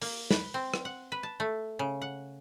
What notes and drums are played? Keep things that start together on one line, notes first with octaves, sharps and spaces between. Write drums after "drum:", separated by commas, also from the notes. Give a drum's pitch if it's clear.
A#3, drum: open hi-hat
B4, drum: snare
C4
drum: rim click
F#5
B4
A5
A3
C#3
F#5